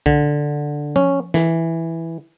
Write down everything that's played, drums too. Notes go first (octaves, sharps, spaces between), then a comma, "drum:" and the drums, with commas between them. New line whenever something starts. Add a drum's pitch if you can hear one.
D3, drum: kick
C#4, drum: tom F3
E3, drum: snare